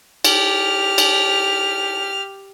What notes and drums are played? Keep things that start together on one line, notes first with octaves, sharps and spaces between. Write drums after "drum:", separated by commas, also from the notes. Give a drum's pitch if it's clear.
G4 F6, drum: cymbal
drum: cymbal